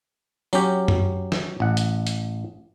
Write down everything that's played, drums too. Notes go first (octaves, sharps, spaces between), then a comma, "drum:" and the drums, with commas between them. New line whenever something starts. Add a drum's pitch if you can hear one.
F#3 C#4 G4, drum: tambourine
drum: tom F#2
drum: snare
A1 F#5
drum: hi-hat
drum: hi-hat